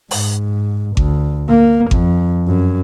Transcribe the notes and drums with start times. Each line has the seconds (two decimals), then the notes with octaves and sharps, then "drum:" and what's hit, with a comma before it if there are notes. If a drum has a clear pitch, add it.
0.11 G#2, drum: open hi-hat
0.97 D2, drum: kick G#1
1.49 A#3
1.91 F2, drum: kick G#1
2.47 F#2